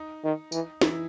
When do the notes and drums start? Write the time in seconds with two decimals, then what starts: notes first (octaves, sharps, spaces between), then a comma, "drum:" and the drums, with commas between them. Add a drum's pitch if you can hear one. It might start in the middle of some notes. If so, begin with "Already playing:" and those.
Already playing: D#4
0.24 D#3
0.52 E3, drum: tambourine
0.81 E3 E4, drum: snare